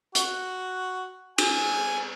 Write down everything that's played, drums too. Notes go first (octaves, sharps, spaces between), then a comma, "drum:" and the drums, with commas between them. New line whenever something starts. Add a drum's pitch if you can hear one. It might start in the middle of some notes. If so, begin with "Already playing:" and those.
F#4, drum: hi-hat
G#5, drum: cymbal